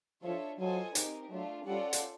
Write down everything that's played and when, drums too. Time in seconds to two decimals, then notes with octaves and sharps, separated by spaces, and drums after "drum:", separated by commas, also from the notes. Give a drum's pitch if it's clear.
0.23 F3 D4 F4 A4 C#5 E5
0.59 F#3 F4 A4 C5 D#5 G#5
0.95 C4 D#4 G4 A#4, drum: hi-hat
1.30 F#3 A3 D4 F4
1.66 G3 C#4 F4 A4 D5 F#5
1.93 drum: hi-hat